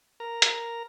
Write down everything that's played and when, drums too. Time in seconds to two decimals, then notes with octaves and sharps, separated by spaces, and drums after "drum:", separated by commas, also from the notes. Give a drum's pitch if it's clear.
0.20 A#4 A#5
0.42 drum: hi-hat